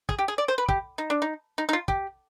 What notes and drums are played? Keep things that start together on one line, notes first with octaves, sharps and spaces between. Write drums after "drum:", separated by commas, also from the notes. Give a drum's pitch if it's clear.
G#4, drum: kick
G4
G#4
D5
C5
B4
G4, drum: kick
D#4
D4
D#4
D#4
D#4
F4
G4, drum: kick